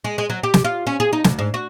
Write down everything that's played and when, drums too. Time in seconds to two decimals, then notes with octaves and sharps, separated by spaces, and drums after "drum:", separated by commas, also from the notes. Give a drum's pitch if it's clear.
0.04 G#3
0.18 G#3
0.30 F#3
0.43 G4
0.54 drum: snare
0.64 F4
0.87 C#4
1.00 G#4
1.13 D#4
1.24 D2, drum: snare
1.39 G#2
1.54 F#4